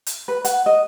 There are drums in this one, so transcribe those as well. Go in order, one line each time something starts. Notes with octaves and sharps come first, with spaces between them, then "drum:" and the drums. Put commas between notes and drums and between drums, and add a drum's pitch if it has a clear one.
drum: hi-hat
B4
F#5, drum: hi-hat
D#5